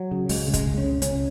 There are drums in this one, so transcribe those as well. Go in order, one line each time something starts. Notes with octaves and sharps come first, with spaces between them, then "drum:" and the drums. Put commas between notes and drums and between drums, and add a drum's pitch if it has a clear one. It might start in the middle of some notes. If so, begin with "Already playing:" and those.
Already playing: F#3
C#3
C#2 G#3, drum: open hi-hat
C#3
G#3, drum: kick, hi-hat
C#2
C#4
C#3
C#2 C#4, drum: hi-hat